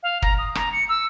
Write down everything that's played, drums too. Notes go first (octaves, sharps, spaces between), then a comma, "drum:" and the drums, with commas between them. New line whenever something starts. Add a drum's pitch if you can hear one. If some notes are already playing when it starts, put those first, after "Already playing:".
F5
A#5, drum: kick
D#6
A#5, drum: rim click
C#7
E6